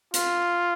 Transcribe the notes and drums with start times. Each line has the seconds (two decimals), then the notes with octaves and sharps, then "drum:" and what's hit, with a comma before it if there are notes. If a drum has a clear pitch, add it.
0.14 F4, drum: hi-hat